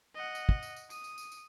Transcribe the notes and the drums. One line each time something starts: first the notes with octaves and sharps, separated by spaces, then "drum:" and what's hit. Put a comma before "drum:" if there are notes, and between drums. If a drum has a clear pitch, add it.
D#5 F#5
drum: tambourine
drum: kick
drum: tambourine
drum: tambourine
D#6, drum: tambourine
drum: tambourine
drum: tambourine
drum: tambourine